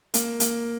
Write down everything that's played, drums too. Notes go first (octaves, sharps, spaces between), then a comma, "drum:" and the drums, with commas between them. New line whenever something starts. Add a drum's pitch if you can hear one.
A#3, drum: hi-hat
A#3, drum: hi-hat